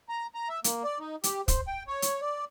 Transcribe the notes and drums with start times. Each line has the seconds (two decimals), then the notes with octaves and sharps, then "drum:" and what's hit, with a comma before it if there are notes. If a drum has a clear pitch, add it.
0.09 A#5
0.35 A#5
0.49 E5
0.64 A#3, drum: hi-hat
0.84 D5
0.99 D#4
1.24 G4, drum: hi-hat
1.48 C5, drum: kick, hi-hat
1.68 G5
1.88 C#5
2.02 drum: hi-hat
2.22 D5